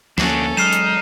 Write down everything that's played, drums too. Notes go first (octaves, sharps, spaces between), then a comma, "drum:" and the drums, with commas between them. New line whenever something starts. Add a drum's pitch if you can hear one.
D2 F3 A#3 C#4 D4 F#4 A4, drum: snare
F#3 G#3 D#4 F6 C7 E7
drum: hi-hat